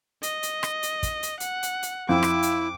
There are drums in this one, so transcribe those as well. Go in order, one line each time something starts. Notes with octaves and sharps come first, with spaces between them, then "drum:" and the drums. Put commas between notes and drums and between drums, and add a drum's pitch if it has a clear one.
D#5, drum: hi-hat
drum: hi-hat
drum: rim click
drum: hi-hat
drum: kick, hi-hat
drum: hi-hat
F#5, drum: hi-hat
drum: hi-hat
drum: hi-hat
F2 E4 D6
drum: rim click
drum: hi-hat